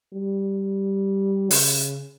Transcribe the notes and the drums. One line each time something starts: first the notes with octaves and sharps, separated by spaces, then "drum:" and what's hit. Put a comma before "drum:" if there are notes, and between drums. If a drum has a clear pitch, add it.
G3
C#3, drum: open hi-hat